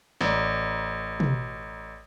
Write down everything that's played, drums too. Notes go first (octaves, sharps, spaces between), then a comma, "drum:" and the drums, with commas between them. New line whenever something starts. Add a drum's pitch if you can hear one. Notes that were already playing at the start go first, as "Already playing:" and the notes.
A1 D5, drum: snare
drum: tom